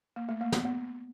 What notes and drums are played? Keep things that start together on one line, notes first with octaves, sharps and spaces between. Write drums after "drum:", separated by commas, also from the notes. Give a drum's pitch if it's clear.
A#3
A3
A#3
B3, drum: snare
B3